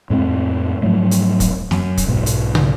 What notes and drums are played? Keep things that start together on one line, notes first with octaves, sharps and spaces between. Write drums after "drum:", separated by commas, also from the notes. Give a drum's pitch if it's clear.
F2 A2 G#3 C4
G#2 F3 F#3 A3
drum: hi-hat
drum: kick, hi-hat
F#2, drum: snare
drum: kick, hi-hat
B1 G#2 B2
drum: hi-hat
drum: tom